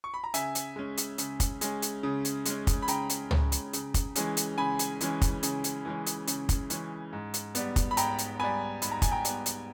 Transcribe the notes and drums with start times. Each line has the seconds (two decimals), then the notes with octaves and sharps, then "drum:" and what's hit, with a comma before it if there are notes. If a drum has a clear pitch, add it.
0.04 C#6
0.14 B5
0.24 A#5
0.34 C#3 E5 G#5, drum: hi-hat
0.55 drum: hi-hat
0.76 G#3 C#4
0.97 drum: hi-hat
1.18 C#3, drum: hi-hat
1.40 drum: kick, hi-hat
1.61 G#3 C#4, drum: hi-hat
1.82 drum: hi-hat
2.03 C#3
2.25 drum: hi-hat
2.45 G#3 C#4, drum: hi-hat
2.67 drum: kick, hi-hat
2.82 B5
2.88 C#3 G5 A#5, drum: hi-hat
3.09 drum: hi-hat
3.31 G#3 C#4, drum: tom
3.52 drum: hi-hat
3.73 C#3, drum: hi-hat
3.94 drum: kick, hi-hat
4.15 E3 G#3 C#4, drum: hi-hat
4.37 drum: hi-hat
4.58 C#3 G#5 B5
4.79 drum: hi-hat
5.01 E3 G#3 C#4, drum: hi-hat
5.22 drum: kick, hi-hat
5.43 C#3, drum: hi-hat
5.64 drum: hi-hat
5.85 E3 G#3 C#4
6.06 drum: hi-hat
6.27 C#3, drum: hi-hat
6.49 drum: kick, hi-hat
6.70 E3 G#3 C#4, drum: hi-hat
7.13 G#2
7.34 drum: hi-hat
7.55 G3 B3, drum: hi-hat
7.76 drum: kick, hi-hat
7.91 B5
7.97 G#2 G5 A#5, drum: hi-hat
8.18 drum: hi-hat
8.40 G3 B3 G#5 B5
8.82 G#2 B5, drum: hi-hat
8.92 A#5
9.02 G#5, drum: kick, hi-hat
9.12 G5 A#5
9.25 G3 B3, drum: hi-hat
9.46 drum: hi-hat